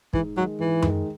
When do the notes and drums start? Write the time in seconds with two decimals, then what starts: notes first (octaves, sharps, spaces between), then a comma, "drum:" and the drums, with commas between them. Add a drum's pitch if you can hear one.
0.13 G#2 E3, drum: kick
0.37 D#3 F#3 G#3
0.59 G#2 E3
0.82 D#3 G#3, drum: tom F#2